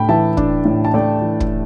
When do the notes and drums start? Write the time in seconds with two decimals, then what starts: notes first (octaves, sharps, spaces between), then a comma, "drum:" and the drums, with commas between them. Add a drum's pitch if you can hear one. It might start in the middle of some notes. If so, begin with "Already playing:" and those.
Already playing: A2 A3 D4 G5 B5
0.09 E3 E5 A5
0.37 D4, drum: kick
0.65 A2
0.85 A5
0.94 A3 D5 G5
1.22 E3
1.40 drum: kick